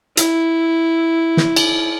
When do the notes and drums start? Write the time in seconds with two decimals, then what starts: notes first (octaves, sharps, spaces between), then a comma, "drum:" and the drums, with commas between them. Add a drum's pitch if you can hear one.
0.17 E4, drum: hi-hat
1.37 drum: snare
1.56 drum: cymbal